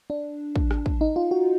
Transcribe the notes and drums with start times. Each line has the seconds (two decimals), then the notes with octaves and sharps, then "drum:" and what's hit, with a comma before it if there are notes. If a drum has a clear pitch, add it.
0.10 D4
0.56 drum: kick
0.71 drum: rim click
0.86 drum: kick
1.01 D#4
1.16 F4
1.31 F#4